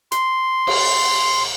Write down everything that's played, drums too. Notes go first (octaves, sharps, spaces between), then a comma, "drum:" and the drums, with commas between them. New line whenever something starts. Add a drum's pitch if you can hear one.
C6, drum: hi-hat
drum: cymbal